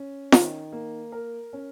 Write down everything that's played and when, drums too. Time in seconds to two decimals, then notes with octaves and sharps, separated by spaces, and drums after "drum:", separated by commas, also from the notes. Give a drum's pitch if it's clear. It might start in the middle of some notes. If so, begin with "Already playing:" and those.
Already playing: C#4
0.32 D#3, drum: snare
0.72 A#3
1.12 A#4
1.53 C#4